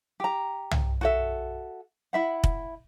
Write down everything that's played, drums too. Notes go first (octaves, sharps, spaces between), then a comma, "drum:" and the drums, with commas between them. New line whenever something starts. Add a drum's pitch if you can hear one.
G4 A#5
drum: tom C2
F#4 A4 E5
E4 E5 F#5
drum: kick